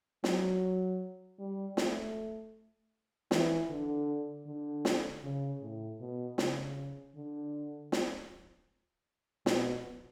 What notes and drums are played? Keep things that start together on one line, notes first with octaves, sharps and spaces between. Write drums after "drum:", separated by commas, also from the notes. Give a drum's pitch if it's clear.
F#3, drum: snare
G3
A3, drum: snare
E3, drum: snare
D3
D3
drum: snare
C#3
A2
B2
C#3, drum: snare
D3
drum: snare
B2, drum: snare